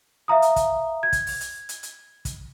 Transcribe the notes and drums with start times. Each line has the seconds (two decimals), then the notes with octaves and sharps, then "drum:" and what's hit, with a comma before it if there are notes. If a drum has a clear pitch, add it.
0.28 E5 F5 A#5 D#6
0.42 drum: hi-hat
0.56 drum: kick, hi-hat
1.03 G#6
1.13 drum: kick, hi-hat
1.27 drum: open hi-hat
1.41 drum: hi-hat
1.69 drum: hi-hat
1.83 drum: hi-hat
2.25 drum: kick, hi-hat